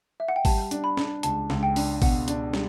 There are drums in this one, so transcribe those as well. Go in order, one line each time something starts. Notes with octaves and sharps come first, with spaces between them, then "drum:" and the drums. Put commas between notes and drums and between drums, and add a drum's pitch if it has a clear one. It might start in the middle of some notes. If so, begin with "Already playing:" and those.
E5
F#5
G5
G3 A5, drum: kick G#1, open hi-hat
D4, drum: hi-hat
B5
D4, drum: snare
C#2 A5, drum: hi-hat
C#2, drum: snare
G5
D4, drum: open hi-hat
B2 F#5, drum: kick G#1, open hi-hat
D4, drum: hi-hat
G3, drum: snare